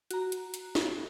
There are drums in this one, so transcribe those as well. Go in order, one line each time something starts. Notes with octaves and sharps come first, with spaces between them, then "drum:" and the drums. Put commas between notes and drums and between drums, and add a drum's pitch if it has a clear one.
F#4 A#5, drum: hi-hat
drum: hi-hat
drum: hi-hat
drum: snare